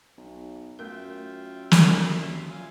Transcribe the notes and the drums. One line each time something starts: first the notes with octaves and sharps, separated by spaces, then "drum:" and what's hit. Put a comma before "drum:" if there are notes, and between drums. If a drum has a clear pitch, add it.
B1
F#2 A3 F4 A#4 E5 G5
C#4 G4, drum: snare
E5 C6
A#2 F5 G#5